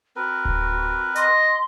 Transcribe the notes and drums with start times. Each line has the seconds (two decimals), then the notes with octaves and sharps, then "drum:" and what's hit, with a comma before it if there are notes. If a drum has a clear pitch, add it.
0.16 C4 F#4 A#4 B4
0.45 drum: kick D1
1.16 D#5 C6, drum: hi-hat